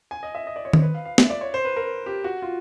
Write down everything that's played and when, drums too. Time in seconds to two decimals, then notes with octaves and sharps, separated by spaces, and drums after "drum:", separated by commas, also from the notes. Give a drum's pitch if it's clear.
0.11 G#5
0.23 D#5
0.35 E5
0.47 D#5
0.56 D5
0.65 C#5
0.73 C5, drum: tom D#3
0.82 B4
0.94 F5
1.05 F5
1.18 E5, drum: snare
1.30 D5
1.41 C#5
1.54 C5
1.65 B4
1.76 A#4
2.06 G4
2.24 F#4
2.42 F4